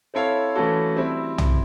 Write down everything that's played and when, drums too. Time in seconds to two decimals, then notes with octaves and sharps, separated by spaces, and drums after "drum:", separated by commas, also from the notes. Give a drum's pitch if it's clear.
0.14 C4 E4 A4 C#5 F5
0.55 E3 A3 C#4 F#4 A4
0.96 G3 C4 E4
1.38 drum: tom